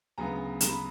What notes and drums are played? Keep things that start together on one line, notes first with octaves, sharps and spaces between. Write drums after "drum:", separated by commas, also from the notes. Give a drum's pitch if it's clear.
D2 C#3 F#3 B3 A#5
A#5, drum: hi-hat
B5